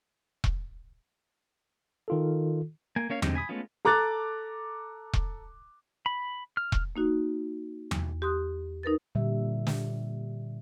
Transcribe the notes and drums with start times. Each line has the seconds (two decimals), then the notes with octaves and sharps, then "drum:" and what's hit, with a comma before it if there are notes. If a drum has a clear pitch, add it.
0.44 drum: kick E1
2.08 D#3 F4 A4
2.96 A#3 G#5
3.10 A#3 C#4 C#5 F5
3.22 D3 G#3 C4 D#4 G4, drum: tom E2
3.35 G#5 B5 D#6
3.49 G#3 A3 B3 C#4 F4
3.85 A4 A#5 D6 F#6 A6
5.13 drum: kick E1
6.06 B5
6.57 F6
6.72 drum: kick E1
6.96 A#3 D#4 F#4
7.91 E2, drum: tom E2
8.22 G4 C6 D#6 F#6
8.83 D#4 A#4 B4 A6
9.15 A#2 D3 G3 E5
9.67 drum: snare